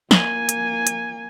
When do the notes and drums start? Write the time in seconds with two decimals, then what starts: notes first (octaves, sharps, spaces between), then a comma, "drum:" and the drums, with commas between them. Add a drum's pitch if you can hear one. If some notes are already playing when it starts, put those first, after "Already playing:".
0.11 A#3 G#5, drum: snare
0.49 drum: hi-hat
0.87 drum: hi-hat